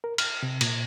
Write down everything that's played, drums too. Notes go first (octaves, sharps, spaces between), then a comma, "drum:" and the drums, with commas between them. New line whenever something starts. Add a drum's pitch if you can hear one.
A#4
F6, drum: cymbal
C3
A#2, drum: cymbal